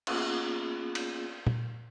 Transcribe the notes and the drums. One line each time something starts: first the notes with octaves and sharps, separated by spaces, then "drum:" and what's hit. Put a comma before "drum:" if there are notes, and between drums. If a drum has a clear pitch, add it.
A#3 B3 C#4 F4 G#4, drum: cymbal
drum: cymbal
drum: tom A#2